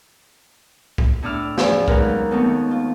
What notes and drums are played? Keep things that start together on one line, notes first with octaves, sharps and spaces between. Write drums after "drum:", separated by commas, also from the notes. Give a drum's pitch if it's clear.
drum: kick
A2 A3 D4 D6 E6 F6
E2 F3 A3 C#4, drum: snare
D#2 F#3 G#3 A#4 B4 F6, drum: kick
B2 D#3 A3 C4
F4